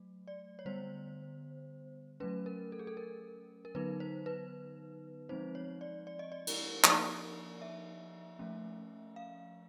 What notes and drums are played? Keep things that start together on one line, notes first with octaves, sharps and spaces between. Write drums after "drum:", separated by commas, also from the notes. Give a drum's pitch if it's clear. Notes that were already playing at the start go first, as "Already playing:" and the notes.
Already playing: F#3 A3
D5
C#5
D3 G3 B3 C5
F#3 A3 C#4 B4
A#4
A4
G#4
A4
A#4
A#4
D3 F#3 B3 D#4 B4
C5
B4
F3 G#3 C4 D#4 C5
C#5
D5
D5
D#5
D5
drum: cymbal
F3 A#3 D#4, drum: clap
E5
F3 A3 C#4
F5